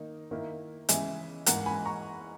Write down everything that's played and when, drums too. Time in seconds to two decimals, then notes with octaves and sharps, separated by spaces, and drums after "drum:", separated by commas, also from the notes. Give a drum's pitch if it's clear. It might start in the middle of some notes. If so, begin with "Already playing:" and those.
Already playing: D#3 A#3 D#4
0.31 D#3 A#3 E4
0.89 C#3 E3 G#3 E5 G#5, drum: hi-hat
1.46 G#2 E3 A#3 F#5 A#5, drum: hi-hat
1.66 G#5 B5
1.86 A#5 C#6